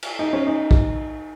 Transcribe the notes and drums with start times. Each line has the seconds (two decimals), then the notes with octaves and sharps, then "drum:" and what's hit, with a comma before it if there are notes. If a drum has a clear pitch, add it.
0.03 drum: cymbal
0.19 D#4
0.33 C#4
0.47 D#4
0.71 drum: kick A#1